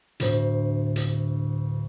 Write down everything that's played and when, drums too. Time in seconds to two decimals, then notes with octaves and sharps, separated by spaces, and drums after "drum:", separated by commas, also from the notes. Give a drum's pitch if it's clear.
0.20 D1 D2 C5, drum: hi-hat
0.96 drum: hi-hat